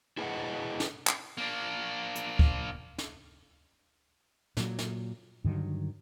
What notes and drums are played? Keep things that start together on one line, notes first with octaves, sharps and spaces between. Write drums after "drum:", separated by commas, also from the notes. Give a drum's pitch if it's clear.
E4 G#4 B4 C#5 D#5 F#5
drum: snare
drum: clap
A#3 D4
drum: hi-hat
drum: kick C#2
drum: snare
A#2 F#3, drum: snare
drum: snare
G2 D3 D#3 F#3